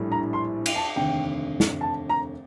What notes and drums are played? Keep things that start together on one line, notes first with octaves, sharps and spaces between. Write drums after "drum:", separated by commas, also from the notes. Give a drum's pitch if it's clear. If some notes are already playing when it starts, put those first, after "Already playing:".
Already playing: A#1 A2 G3 D4
A#5
C6
drum: cymbal
A5
F1 D#2 D3 G5
drum: snare
A5
A#5